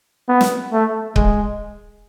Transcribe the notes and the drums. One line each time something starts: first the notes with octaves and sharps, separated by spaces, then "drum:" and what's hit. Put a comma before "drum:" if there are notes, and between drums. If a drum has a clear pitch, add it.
B3
drum: snare
A3
G#3, drum: kick C#1